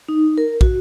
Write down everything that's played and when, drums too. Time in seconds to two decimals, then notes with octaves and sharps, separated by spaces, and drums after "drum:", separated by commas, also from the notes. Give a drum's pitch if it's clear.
0.09 D#4
0.38 A#4
0.61 F#4, drum: kick